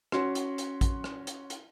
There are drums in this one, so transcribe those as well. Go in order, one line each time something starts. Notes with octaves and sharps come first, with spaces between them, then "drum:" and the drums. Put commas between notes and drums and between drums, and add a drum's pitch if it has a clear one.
C#4 F#4 C6, drum: rim click
drum: hi-hat
drum: hi-hat
drum: kick, hi-hat
drum: rim click
drum: hi-hat
drum: hi-hat